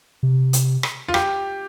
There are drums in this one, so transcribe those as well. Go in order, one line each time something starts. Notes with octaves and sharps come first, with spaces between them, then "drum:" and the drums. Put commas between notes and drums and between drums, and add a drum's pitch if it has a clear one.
C3
drum: hi-hat
drum: rim click
F4
G4, drum: rim click